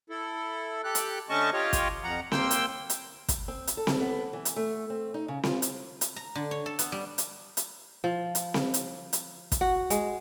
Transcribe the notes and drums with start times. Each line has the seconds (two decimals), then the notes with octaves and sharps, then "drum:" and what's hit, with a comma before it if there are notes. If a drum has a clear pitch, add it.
0.10 E4 A4
0.84 G4 A4 F#6
0.95 drum: hi-hat
1.29 D3 A3 C#4 D#5 A5 C#6
1.53 F4 G4 C#5 D#5
1.73 drum: kick, hi-hat
2.04 F2 F3 F#5 A#5
2.32 A#3 G5 C6 E6, drum: snare C4
2.51 drum: hi-hat
2.90 drum: hi-hat
3.28 drum: kick, hi-hat
3.48 C4
3.67 drum: hi-hat
3.77 A4
3.87 drum: snare C4
4.01 B3
4.33 E3
4.45 drum: hi-hat
4.56 A3
4.90 C4
5.14 D#4
5.28 C#3
5.43 F4, drum: snare C4
5.62 drum: hi-hat
6.01 drum: hi-hat
6.16 A#5
6.35 D3
6.51 C#5
6.66 A4
6.79 B3, drum: hi-hat
6.92 G3
7.18 drum: hi-hat
7.57 drum: hi-hat
8.04 F3
8.35 drum: hi-hat
8.54 drum: snare C4
8.74 drum: hi-hat
9.13 drum: hi-hat
9.52 drum: kick, hi-hat
9.61 F#4
9.90 G#3, drum: hi-hat